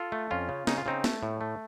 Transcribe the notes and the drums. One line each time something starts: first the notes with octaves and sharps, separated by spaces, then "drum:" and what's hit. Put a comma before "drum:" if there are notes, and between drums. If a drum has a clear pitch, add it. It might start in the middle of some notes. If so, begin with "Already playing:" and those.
Already playing: F4 A4
A3
F2 C#4 F4
C#3
C#3 D#4, drum: snare
F4
C#3 C4 D#4
A3, drum: snare
A2
A3